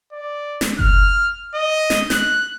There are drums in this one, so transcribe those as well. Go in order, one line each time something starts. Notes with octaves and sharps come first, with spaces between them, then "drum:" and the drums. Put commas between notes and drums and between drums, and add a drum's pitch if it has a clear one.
D5
drum: snare
F6, drum: kick F#1
D#5
drum: snare
F#6, drum: snare